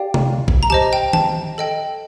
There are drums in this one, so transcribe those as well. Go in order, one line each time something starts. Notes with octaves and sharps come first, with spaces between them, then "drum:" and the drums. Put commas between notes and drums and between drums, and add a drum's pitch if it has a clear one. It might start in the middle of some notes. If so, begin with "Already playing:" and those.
Already playing: G4 D5 F5 G5
drum: tom C3
drum: kick
A#5
G4 C5 D#5 A5
G5
A5, drum: tom D#3
A4 D#5 G5